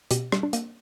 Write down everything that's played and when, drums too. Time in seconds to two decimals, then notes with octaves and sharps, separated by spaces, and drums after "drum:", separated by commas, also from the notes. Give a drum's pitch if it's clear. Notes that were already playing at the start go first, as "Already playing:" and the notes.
0.11 B2 G4, drum: hi-hat
0.32 G3, drum: rim click
0.43 D4
0.53 A#3, drum: hi-hat